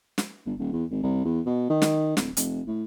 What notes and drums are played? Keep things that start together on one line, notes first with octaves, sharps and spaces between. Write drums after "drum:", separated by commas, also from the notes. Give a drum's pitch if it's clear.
drum: snare
G1
D#1
E2
G#1
C2
E2
B2
D#3
drum: snare
D1, drum: snare
F1, drum: hi-hat
A2